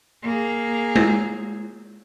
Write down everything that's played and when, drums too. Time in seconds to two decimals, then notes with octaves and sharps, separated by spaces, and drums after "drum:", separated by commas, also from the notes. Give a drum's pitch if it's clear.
0.23 A#3 G#4
0.96 drum: tom G#3